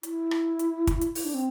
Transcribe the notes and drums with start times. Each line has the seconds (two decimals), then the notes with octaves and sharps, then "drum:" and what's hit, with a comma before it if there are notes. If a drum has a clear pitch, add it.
0.03 E4, drum: hi-hat
0.31 drum: rim click
0.59 drum: hi-hat
0.87 drum: kick, hi-hat
1.01 drum: hi-hat
1.15 E4, drum: open hi-hat
1.25 D4
1.34 C4